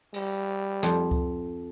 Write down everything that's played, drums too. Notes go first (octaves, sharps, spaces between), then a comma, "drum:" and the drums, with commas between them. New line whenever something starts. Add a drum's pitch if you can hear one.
G3, drum: cymbal
F2, drum: snare
drum: kick C#2